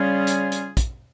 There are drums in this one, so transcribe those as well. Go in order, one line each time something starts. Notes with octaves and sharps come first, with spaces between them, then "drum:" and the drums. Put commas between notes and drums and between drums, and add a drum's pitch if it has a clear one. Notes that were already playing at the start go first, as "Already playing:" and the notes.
Already playing: C#3 G3 C#4 F4 G#4
drum: hi-hat
drum: hi-hat
drum: kick, hi-hat